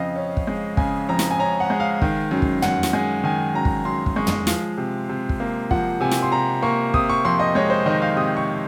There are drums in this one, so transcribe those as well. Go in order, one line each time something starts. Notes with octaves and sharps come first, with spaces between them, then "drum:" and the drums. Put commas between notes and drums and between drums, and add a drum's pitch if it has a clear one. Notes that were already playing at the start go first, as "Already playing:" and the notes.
Already playing: F2 C#3 D#5 F5
C#4
drum: kick
G#3
C#3 G#5, drum: kick
F2 A#5
drum: snare
G#5
C#4 A#5
F#5
G#3
F5
D#3, drum: kick
F#2
drum: kick
F#2 F#5, drum: tom
drum: snare
G#3 G#5
D#3 G#5
F#2 A#5
drum: kick
F#2 C6
drum: kick
G#3 C#6
drum: tom
F3 F5, drum: snare
C3
C3
drum: kick
A#3
F3 F#5, drum: kick
C3 G#5
drum: snare
C6
C3 A#5
A#3 C#6
C3 D#6, drum: kick
C#6
F2 C6
D#5
G#3 C#5
C5
D#3 D#5
F5
C3 D#6
C#6